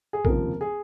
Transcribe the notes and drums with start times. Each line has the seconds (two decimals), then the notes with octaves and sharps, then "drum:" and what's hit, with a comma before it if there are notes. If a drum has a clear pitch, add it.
0.13 G#4
0.25 F1 D#2 C#3 F3 A#4, drum: kick
0.61 G#4